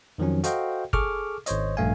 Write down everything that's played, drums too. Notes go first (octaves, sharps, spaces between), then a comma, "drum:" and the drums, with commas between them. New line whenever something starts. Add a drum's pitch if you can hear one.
F2 D#3 F3 F#3 C#4
F#4 A4 C5 D#5 F5 G5, drum: hi-hat
G#4 A4 C#6 D6 F6, drum: kick
G#1 C5 C#5 D#5, drum: hi-hat
A#1 G2 A3 F5 G#5